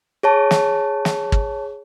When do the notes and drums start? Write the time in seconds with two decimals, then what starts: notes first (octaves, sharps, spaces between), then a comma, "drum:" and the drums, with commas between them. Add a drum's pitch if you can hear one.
0.23 G#4 C#5 A5
0.51 drum: snare
1.05 drum: snare
1.32 drum: kick